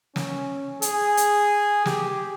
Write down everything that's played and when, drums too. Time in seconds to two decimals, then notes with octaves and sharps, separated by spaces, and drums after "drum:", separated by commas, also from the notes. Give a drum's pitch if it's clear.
0.16 C#4, drum: snare
0.82 G#4, drum: hi-hat
1.17 drum: hi-hat
1.86 G4, drum: snare